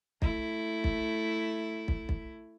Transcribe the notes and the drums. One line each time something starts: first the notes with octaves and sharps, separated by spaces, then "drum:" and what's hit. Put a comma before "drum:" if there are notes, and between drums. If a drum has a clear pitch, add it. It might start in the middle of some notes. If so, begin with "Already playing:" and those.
A3 E4, drum: kick
drum: kick
drum: kick
drum: kick